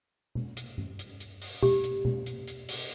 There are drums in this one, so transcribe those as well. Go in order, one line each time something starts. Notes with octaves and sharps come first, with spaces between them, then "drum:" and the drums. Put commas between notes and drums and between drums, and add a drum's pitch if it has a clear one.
drum: tom B2
drum: hi-hat
drum: tom G2
drum: hi-hat
drum: hi-hat
drum: open hi-hat
G4, drum: tom B2
drum: hi-hat
drum: tom B2
drum: hi-hat
drum: hi-hat
drum: open hi-hat